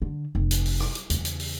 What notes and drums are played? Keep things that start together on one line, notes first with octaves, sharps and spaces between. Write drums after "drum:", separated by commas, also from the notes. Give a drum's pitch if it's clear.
D3
F1
drum: hi-hat
drum: open hi-hat
drum: rim click
drum: hi-hat
E2 C#3, drum: hi-hat
drum: hi-hat
drum: open hi-hat